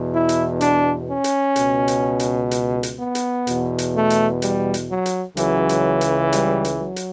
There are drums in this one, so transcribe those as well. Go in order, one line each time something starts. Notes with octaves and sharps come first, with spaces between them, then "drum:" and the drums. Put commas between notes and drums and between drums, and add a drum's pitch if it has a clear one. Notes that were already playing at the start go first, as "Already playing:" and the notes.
Already playing: E2 B2
E4
drum: hi-hat
D4, drum: hi-hat
C#4
drum: hi-hat
C#2 B2, drum: hi-hat
drum: hi-hat
drum: hi-hat
drum: hi-hat
drum: hi-hat
B3
drum: hi-hat
E2 B2, drum: hi-hat
drum: hi-hat
A3
drum: hi-hat
G3, drum: hi-hat
drum: hi-hat
F#3
drum: hi-hat
C#2 C#3 E3 F#3, drum: hi-hat
drum: hi-hat
drum: hi-hat
G3, drum: hi-hat
drum: hi-hat
F#3
drum: hi-hat